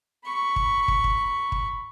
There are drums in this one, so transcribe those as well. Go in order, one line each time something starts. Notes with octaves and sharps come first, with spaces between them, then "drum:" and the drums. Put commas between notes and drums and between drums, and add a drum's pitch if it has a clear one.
B5 C#6
drum: kick
drum: kick
drum: kick
drum: kick